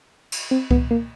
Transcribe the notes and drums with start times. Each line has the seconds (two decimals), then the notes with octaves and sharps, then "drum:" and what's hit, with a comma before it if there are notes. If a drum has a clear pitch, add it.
0.32 drum: cymbal
0.51 C4
0.71 B3, drum: kick C2
0.91 A#3